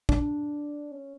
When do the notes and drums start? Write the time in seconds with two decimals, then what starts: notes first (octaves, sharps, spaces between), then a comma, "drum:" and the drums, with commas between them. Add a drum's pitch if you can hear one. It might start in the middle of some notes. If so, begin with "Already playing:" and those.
0.09 D4, drum: kick
0.92 C#4